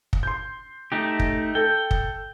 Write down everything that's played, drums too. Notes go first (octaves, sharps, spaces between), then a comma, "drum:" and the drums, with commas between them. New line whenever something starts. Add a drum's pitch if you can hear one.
drum: kick
C6 G6
A3 D#4 G4
drum: kick
A4 G5
drum: kick